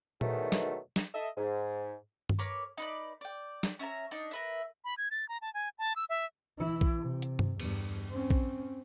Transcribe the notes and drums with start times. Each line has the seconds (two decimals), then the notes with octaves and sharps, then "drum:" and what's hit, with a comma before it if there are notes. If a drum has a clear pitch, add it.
0.21 E2 G#2 B2 D#3 F#3 A3, drum: tom A#2
0.52 drum: snare
0.96 drum: snare
1.14 A4 D#5 E5
1.37 G#2
2.29 drum: tom G2
2.39 A#4 B4 C#5 D6
2.78 D#4 B4 D5
3.21 D5 G5
3.63 drum: snare
3.79 C#4 E5 A5 A#5
4.11 D4 D#4
4.31 A#4 B4 E5
4.84 B5
4.98 G#6
5.11 A6
5.29 A#5
5.42 A5
5.54 G#5
5.79 A5
5.96 E6
6.09 E5
6.58 E3 E4
6.81 drum: kick
6.98 C3
7.22 drum: hi-hat
7.39 drum: tom G2
7.60 E2 G2, drum: cymbal
8.10 C4 C#4
8.30 drum: kick